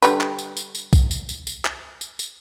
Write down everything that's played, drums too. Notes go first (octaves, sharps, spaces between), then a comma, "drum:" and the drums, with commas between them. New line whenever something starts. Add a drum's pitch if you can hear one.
D3 G3 B4, drum: tambourine
drum: clap
drum: tambourine
drum: tambourine
drum: tambourine
drum: kick B1, tambourine
drum: tambourine
drum: tambourine
drum: tambourine
drum: clap
drum: tambourine
drum: tambourine